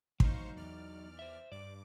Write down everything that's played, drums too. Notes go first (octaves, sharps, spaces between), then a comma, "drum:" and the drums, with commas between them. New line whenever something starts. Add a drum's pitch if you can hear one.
F#3 D#4 C5 F5 C#6, drum: kick
E2 D5 F6
C5 E5
G2 D5 D6